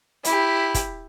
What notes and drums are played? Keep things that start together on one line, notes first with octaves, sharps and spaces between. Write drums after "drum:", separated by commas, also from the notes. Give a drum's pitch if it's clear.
E4 G4, drum: hi-hat
drum: kick, hi-hat